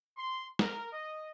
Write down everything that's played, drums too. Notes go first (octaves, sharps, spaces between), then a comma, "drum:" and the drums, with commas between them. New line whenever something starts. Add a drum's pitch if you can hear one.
C6
A#4, drum: snare
D#5